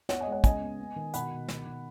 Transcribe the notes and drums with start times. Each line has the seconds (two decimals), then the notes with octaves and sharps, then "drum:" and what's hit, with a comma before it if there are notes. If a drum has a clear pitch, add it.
0.09 B3 C#5 F#5, drum: snare
0.20 D#5 G#5
0.26 G#3
0.32 C#5 F#5
0.44 C#3 D#5 G#5, drum: kick, hi-hat
0.61 B3
0.79 B3
0.96 D#3
1.14 B2 F#5 B5, drum: hi-hat
1.31 B2
1.48 D#3, drum: snare
1.66 D#3